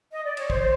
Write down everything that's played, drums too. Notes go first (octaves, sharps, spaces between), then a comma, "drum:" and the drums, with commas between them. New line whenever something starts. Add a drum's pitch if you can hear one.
D#5
D5
C#5, drum: cymbal
C5, drum: kick